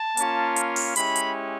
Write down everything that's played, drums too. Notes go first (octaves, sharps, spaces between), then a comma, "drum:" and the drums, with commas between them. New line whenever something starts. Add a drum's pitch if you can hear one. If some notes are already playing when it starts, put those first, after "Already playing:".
Already playing: A5
A#3 C#4 F4, drum: hi-hat
drum: hi-hat
drum: open hi-hat
G#3 C#4 E4 G4 B5, drum: hi-hat
drum: hi-hat